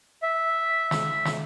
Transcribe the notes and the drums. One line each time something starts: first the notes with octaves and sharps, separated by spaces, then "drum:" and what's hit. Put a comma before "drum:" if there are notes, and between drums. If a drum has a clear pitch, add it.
E5
drum: snare
drum: snare